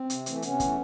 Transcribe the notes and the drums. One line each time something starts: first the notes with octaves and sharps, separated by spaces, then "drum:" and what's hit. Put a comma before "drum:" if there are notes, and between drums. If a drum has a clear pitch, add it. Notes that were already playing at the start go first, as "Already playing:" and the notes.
Already playing: C4
C3, drum: hi-hat
E3 A3, drum: hi-hat
C3 B3 C#4, drum: hi-hat
E3 A3, drum: kick, hi-hat